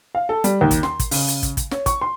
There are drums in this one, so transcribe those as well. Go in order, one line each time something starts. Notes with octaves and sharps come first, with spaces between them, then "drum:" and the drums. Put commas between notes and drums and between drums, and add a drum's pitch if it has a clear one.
F5
A4
G3, drum: hi-hat
D#2
drum: kick, hi-hat
C6, drum: snare
drum: kick, hi-hat
C#3, drum: open hi-hat
drum: hi-hat
drum: kick, hi-hat
drum: kick, hi-hat
C#5, drum: snare
C#6, drum: kick, hi-hat
C6